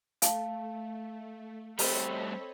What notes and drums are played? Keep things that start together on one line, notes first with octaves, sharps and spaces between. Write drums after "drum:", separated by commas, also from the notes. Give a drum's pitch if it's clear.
A3 F5 A5, drum: hi-hat
G3 A3 C4 A4 C#5 D#5 B5, drum: open hi-hat